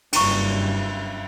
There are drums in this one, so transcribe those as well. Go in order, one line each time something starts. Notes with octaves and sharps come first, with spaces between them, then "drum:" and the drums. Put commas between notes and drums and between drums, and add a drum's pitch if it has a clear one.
F#1 G2 C#4 E4 C#6, drum: cymbal